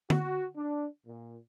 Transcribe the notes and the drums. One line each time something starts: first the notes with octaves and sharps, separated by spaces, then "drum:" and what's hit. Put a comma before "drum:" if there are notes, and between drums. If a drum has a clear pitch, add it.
F#4, drum: tom D3
D4
A#2